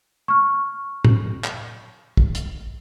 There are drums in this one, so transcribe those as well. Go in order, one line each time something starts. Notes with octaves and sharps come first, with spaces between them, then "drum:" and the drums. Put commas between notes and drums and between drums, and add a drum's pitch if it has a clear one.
C#6 F6
drum: tom A2
drum: clap
drum: kick
drum: hi-hat